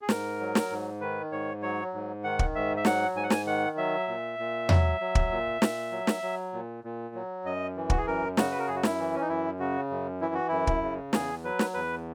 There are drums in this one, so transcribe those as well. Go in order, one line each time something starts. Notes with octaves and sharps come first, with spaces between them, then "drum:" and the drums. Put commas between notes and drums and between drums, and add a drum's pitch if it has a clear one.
G#4
G#2 A#4, drum: snare
F#3
drum: snare
G#2
D#3 B4
G#2 C#5
F#3 C#5
G#2
D#3 F#5
drum: kick
G#2 E5
E5
F#3 F#5, drum: snare
G#2 G#5
F#5
G#5, drum: snare
D#3 F#5
F#3 E5
A#2
A#2
F#3, drum: tom E2
F#3
drum: kick
A#2
A#2, drum: snare
F#3
drum: snare
F#3
A#2
A#2
F#3
F#2 D#5
E3
F#4, drum: kick
G#4
F#2 A#4
C#3 F#4, drum: snare
B4
A#4
F#2 G#4
F#4
E4, drum: snare
E3
C#4
D#4
F#2 E4
C#3 F#4
F#2
E3 E4
F#4
F#2 E4
drum: kick
C#3
E2 G#4, drum: snare
F#3 B4
drum: snare
E2 B4